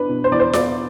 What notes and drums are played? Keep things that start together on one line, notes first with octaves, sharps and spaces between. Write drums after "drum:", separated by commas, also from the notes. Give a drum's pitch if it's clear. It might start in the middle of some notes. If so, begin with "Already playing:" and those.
Already playing: B3 D4 B4
B2
C5
E2 D5
C5
B3 D5, drum: snare F4